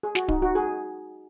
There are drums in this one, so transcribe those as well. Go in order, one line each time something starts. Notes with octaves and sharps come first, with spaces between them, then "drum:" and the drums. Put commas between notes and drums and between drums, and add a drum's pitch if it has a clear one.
G#4
F#4, drum: snare
D#4, drum: kick D1
F#4
G#4